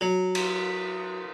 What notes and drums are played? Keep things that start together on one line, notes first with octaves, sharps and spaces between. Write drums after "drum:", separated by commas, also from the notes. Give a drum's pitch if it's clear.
F#3
drum: cymbal